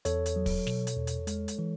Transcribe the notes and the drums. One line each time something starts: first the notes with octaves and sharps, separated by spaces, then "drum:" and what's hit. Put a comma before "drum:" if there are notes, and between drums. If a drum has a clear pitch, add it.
E2 A4 C#5, drum: hi-hat
drum: hi-hat
F#3
drum: kick, open hi-hat
B2, drum: snare
drum: hi-hat
E2
drum: hi-hat
G#3, drum: hi-hat
drum: hi-hat
E3